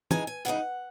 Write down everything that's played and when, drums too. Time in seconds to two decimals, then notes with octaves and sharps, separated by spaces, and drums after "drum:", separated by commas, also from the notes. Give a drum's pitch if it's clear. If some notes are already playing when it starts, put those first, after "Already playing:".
0.11 C#3 E3 G#3 D#4 G#5, drum: tom
0.27 G#5
0.45 C#3 E3 G#3 D#4 F#5